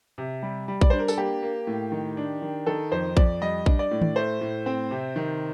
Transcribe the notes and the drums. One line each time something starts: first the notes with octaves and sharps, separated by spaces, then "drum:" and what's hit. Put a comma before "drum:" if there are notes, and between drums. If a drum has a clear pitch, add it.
C3
G3
G3
D5, drum: kick A#1
D4 C5
A#4
A4, drum: tambourine
A#3 G4
A#3
A2
D#3
D4
D#3
D#3 A4
F2 C5
F2 D5, drum: kick A#1
G3 D#5
D4, drum: kick A#1
D5
A2
drum: tom D#3
A3 C5
A2
C4
C3
D#3